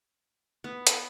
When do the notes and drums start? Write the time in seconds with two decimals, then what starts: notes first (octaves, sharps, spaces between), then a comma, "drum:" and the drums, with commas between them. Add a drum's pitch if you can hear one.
0.64 B3
0.87 drum: hi-hat